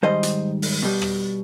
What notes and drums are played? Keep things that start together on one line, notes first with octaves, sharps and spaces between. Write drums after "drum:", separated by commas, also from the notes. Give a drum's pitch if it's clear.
G#2 D#3 G3 C5 D#5
drum: hi-hat
drum: open hi-hat
B2 G3
drum: rim click